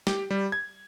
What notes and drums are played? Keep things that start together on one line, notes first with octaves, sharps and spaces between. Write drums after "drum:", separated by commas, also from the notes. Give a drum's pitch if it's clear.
G4, drum: snare
G3
G#6